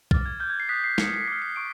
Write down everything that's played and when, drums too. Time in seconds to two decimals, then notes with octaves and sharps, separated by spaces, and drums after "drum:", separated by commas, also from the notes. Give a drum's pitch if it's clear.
0.11 D6 F6 A6, drum: kick B1
0.26 G#6
0.40 D6 F6 G6
0.50 G#6
0.60 C7
0.69 D#6 F#6 B6
0.84 C7
0.98 D#6 G6 C#7, drum: snare
1.28 D6 F6 B6
1.42 C7
1.56 C#6 D7